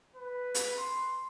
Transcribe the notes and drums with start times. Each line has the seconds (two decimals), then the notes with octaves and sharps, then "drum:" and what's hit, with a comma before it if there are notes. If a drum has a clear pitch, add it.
0.16 B4
0.55 drum: hi-hat
0.77 C6